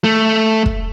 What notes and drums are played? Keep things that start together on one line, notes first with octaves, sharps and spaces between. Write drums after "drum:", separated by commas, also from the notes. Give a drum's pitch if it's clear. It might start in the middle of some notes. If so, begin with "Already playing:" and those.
A3
drum: kick